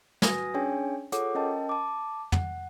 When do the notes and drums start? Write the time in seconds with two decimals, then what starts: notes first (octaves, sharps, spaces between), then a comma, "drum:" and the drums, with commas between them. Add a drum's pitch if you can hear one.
0.22 F#4 B4 G#5 D#6 A#6, drum: snare
0.54 C#4 D4 G#4 C#5 G5 G#5
1.12 F4 G#4 A4 C#5 F#5 D6, drum: hi-hat
1.35 C#4 A#4 D#5 G5 A5
1.69 A5 D6
2.32 F#5, drum: tom